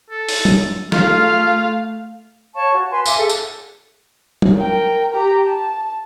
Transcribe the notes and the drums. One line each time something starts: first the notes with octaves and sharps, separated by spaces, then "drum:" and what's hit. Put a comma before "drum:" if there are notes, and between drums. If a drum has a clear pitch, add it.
A4
drum: open hi-hat
drum: tom F#3
A3 F4 F5, drum: snare
C#5 F5 A5 C#6
F#4
B4 G#5 C6
E5 F5 G#5 D6, drum: tambourine
G#4 A4
drum: tambourine
drum: tom F#3
A#4 G5
G4 A#5
A5